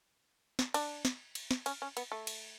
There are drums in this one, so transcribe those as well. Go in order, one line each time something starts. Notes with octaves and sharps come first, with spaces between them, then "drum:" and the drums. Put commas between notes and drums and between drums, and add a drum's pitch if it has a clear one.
drum: snare
D4, drum: cymbal
drum: snare
drum: cymbal
drum: snare
C#4, drum: cymbal
C#4
B3, drum: cymbal
A3
drum: cymbal